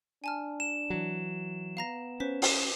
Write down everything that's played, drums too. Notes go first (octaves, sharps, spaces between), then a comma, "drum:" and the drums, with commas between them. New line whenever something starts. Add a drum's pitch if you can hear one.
D4 G#5 A5 F6
E7
E3 F#3
B3 F5 A#5 A#6
C#4 B4 C5 B6
drum: open hi-hat